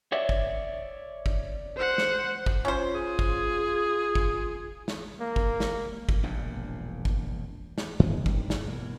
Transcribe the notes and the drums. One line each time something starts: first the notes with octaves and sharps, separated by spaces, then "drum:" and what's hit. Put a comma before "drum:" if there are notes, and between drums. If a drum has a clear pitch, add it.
C#5 D5 E5
drum: kick
drum: kick
C5 F#5
drum: snare
drum: kick
C#4 F4 C5
G#4
drum: kick
drum: kick
drum: snare
A#3
drum: kick
drum: snare
drum: kick
E1 A#1 G2 A#2
drum: kick
drum: snare
G2 D#3 F3 G#3
drum: kick
drum: snare
B2 E3 A#3